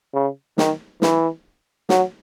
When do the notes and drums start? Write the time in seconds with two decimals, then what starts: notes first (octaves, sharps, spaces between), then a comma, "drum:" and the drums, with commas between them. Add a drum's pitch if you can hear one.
0.14 C#3
0.58 D#3, drum: snare
1.02 E3, drum: snare
1.89 F#3, drum: snare